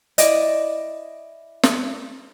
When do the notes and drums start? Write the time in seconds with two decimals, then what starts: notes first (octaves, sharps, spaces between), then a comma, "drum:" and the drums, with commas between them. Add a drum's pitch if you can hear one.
0.18 E4 D5 D#5, drum: hi-hat
1.63 drum: snare